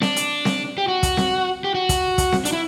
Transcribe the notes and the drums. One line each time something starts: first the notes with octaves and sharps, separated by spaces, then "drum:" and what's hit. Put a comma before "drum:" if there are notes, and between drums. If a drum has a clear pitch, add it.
D4, drum: snare C4
drum: hi-hat
drum: snare C4
G4
F#4
drum: kick, hi-hat
drum: snare C4
G4
F#4
drum: kick, hi-hat
drum: kick, hi-hat
drum: snare C4
D4, drum: hi-hat
E4